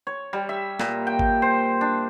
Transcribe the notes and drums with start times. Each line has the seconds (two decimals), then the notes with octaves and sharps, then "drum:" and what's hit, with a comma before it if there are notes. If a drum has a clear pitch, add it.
0.07 C#5
0.33 G3
0.49 E5
0.79 A#2, drum: snare
1.07 G5
1.19 drum: kick G#1
1.42 C5
1.81 D4